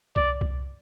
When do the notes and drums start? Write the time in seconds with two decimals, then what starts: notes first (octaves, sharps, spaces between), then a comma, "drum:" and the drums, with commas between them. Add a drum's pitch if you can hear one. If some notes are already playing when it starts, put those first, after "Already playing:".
0.16 D5, drum: kick C2
0.41 drum: kick C2